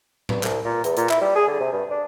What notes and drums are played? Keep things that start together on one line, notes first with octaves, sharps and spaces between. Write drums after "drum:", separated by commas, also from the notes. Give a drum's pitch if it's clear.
G2, drum: tom A2
C2, drum: clap
A#2
E2, drum: hi-hat
A#2, drum: hi-hat
E4, drum: clap
G3
G#4
D3
C3
G2
D4